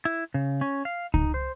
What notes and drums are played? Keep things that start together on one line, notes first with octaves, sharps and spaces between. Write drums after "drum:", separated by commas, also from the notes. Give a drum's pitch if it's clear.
E4
C#3
C#4
F5
D#4, drum: kick C#2
C5